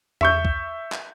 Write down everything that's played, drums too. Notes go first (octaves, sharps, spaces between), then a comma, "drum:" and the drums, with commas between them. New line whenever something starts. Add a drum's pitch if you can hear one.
E5 C#6 G6, drum: tom E2
drum: kick
drum: clap